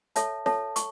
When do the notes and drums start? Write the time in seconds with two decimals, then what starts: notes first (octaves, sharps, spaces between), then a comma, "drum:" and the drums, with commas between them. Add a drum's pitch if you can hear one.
0.16 A4 C#5 E5 A5, drum: hi-hat
0.46 A4 C#5 E5 A5, drum: snare
0.76 C#6, drum: hi-hat